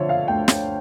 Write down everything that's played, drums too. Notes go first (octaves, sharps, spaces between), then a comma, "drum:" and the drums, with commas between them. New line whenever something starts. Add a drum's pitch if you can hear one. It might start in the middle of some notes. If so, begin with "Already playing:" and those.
Already playing: D3 F3 C#5 D5 E5
F5
D2 G5
drum: snare